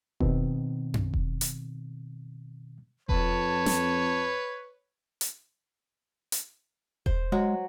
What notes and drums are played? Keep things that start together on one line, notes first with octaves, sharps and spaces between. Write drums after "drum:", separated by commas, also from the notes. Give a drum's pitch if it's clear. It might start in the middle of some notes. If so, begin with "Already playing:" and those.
B2 D#3 C4, drum: kick E1
drum: tom F#2
drum: kick E1
drum: hi-hat
F2 B4 C#5 A5, drum: kick E1
drum: snare
drum: hi-hat
drum: hi-hat
C5, drum: kick E1
F#3 G#3